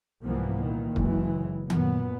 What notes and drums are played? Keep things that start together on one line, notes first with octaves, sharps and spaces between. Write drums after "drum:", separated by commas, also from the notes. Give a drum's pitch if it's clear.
C2 G#2 E3 F3 A#3 B3
A#2 D#3 E3
F#1 E3 G#3, drum: kick
F#2 A#2 B3, drum: tom D#3